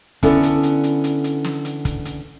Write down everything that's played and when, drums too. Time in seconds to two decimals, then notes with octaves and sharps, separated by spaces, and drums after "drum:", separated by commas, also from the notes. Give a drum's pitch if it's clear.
0.23 D3 B3 C#4 E4 A4 D5, drum: kick, hi-hat
0.43 drum: hi-hat
0.63 drum: hi-hat
0.84 drum: hi-hat
1.04 drum: hi-hat
1.24 drum: hi-hat
1.44 drum: snare
1.65 drum: hi-hat
1.85 drum: kick, hi-hat
2.05 drum: hi-hat